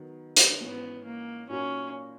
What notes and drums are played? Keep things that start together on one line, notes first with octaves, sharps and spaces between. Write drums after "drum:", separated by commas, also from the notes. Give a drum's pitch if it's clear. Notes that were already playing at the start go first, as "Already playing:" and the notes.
Already playing: D#3 F#3 B3
drum: hi-hat
G#2 E3 G#3 B3 C#4
A#3
A#2 F#3 A#3 C#4 D#4 F#4